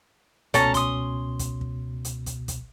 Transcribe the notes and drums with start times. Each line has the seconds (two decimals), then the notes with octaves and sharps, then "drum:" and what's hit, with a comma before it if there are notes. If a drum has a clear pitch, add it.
0.54 C#2 B2 C#4 A4 A5 A#5, drum: kick, hi-hat
0.74 C6 D#6, drum: kick, hi-hat
1.39 drum: kick, hi-hat
1.61 drum: kick
2.05 drum: hi-hat
2.26 drum: kick, hi-hat
2.48 drum: kick, hi-hat